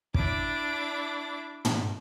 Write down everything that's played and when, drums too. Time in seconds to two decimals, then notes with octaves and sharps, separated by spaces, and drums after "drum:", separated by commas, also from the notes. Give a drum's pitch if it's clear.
0.14 D4 E4 D6, drum: kick
1.65 drum: tom